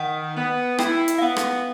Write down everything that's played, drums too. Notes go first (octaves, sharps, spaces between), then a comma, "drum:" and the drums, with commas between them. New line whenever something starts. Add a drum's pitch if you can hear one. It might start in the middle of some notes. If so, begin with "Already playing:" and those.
Already playing: D#3 F#5
B3
E4 G5, drum: rim click
drum: hi-hat
F5
B3 F#5
drum: rim click